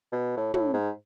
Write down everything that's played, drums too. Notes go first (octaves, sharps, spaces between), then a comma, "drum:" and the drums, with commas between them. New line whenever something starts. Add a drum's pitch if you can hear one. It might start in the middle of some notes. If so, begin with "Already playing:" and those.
B2
A2
A2, drum: tom
G#2